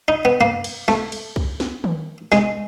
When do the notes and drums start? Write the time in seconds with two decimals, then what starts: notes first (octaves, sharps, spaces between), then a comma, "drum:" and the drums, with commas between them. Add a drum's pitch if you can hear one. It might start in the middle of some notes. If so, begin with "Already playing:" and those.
0.08 D#4
0.25 B3
0.41 A#3, drum: tom F#2
0.64 drum: cymbal
0.88 A3, drum: snare
1.12 drum: cymbal
1.36 drum: kick C2
1.60 drum: snare
1.84 drum: tom D#3
2.32 G#3, drum: snare